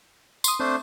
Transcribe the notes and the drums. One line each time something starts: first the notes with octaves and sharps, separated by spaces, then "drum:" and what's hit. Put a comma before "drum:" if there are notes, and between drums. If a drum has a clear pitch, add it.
C6 D#6, drum: tambourine
A3 C4 D4 C5